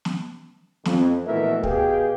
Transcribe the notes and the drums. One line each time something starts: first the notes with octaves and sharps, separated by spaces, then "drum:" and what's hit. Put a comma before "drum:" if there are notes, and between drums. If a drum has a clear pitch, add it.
drum: snare
F2, drum: snare
A#1 B2 E3 A3 A#4 E5
B2 G4 G#4 B4 F5 G5, drum: kick